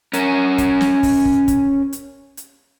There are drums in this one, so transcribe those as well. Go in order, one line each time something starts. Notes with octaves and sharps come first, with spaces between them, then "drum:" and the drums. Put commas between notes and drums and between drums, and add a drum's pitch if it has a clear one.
C#4 A#4, drum: hi-hat
drum: kick, hi-hat
drum: snare
drum: kick, open hi-hat
drum: kick
drum: kick, hi-hat
drum: hi-hat
drum: hi-hat